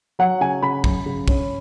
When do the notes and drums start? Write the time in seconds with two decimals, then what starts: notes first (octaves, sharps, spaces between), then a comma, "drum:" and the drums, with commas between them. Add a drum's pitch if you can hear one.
0.19 F#3 F#5
0.41 C#3 G#5
0.63 C#3 B5
0.84 F#2, drum: kick
1.06 C#3
1.28 C#4, drum: kick